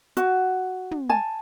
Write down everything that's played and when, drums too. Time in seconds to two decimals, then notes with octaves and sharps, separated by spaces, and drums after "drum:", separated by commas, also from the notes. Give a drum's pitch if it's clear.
0.17 F#4, drum: hi-hat
0.91 drum: tom
1.09 G#5 A5